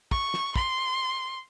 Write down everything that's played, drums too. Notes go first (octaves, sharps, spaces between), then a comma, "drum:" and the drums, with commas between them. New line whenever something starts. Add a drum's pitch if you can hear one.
C#6, drum: kick
drum: snare
C6, drum: kick